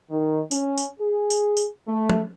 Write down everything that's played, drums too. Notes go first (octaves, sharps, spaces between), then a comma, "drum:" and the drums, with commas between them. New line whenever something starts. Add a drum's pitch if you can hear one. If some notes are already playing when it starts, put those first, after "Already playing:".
D#3
C#4, drum: tambourine
drum: tambourine
G#4
drum: tambourine
drum: tambourine
A3
drum: tom